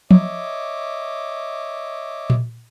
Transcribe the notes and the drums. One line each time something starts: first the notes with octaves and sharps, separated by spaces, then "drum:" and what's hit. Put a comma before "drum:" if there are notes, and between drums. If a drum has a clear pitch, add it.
C#5 D#5 E5 D6, drum: tom F3
drum: tom A#2